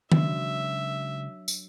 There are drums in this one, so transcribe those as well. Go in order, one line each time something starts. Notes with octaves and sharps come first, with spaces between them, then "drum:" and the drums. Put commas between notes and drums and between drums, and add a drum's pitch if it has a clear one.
C#3 F#3 G#3 D4 E5, drum: tom D#3
drum: tambourine